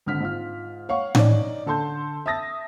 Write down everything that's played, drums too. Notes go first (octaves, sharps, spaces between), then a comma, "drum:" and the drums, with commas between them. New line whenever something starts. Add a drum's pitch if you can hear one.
G#1 D3 F6 B6
G#2 F4 F6
C#5 F5 F#5 C#6
C#4 D#4 D5, drum: tom A2
D3 A4 A5 C6 G6
E5 A5 D#6 A6 A#6